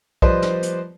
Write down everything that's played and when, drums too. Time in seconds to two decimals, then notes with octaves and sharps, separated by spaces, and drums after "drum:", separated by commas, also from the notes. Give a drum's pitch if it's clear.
0.22 F3 G3 B4 C5 D5 D#5, drum: kick
0.42 drum: snare
0.63 drum: hi-hat